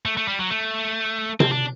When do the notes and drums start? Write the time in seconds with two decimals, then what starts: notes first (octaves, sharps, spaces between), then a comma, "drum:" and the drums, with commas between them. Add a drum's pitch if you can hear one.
0.05 A3
0.17 A3
0.28 G3
0.39 F#3
0.50 A3
1.40 C4, drum: tom C3
1.52 D4